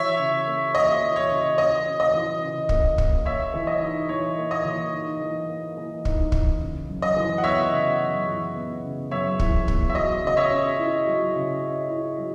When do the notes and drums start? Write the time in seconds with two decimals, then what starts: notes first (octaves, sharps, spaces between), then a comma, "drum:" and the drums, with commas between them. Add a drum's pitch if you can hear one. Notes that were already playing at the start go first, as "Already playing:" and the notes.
Already playing: E3 C#5 E5
0.19 C#3
0.47 A#3
0.74 C#4 D#5
1.02 E3
1.16 C#5
1.31 C#3
1.58 A#3 D#5
1.86 C#4
2.00 D#5
2.13 E3
2.42 C#3
2.69 A#3, drum: kick
2.98 C#4, drum: kick
3.25 A#3 C#5 E5
3.54 E3
3.67 D#5
3.81 D#4
4.09 E3 C#5
4.37 A#3
4.51 D#5
4.65 E3
4.92 D#4
5.20 E3
5.48 A#3
5.77 E3
6.05 D#4, drum: kick
6.32 E3, drum: kick
6.60 C#3
6.89 F#2
7.02 D#5
7.16 E3
7.38 F#5
7.44 B3 C#5 E5
7.72 C#3
8.00 F#2
8.28 E3
8.56 B3
8.84 C#3
9.11 F#2 C#5 E5
9.39 E3, drum: kick
9.68 B3, drum: kick
9.90 E5
9.95 F#3 D#5
10.23 C#3 D#5
10.37 C#5 E5
10.51 C#4
10.79 E4
11.07 F#3
11.35 C#3
11.63 C#4
11.90 E4
12.18 F#3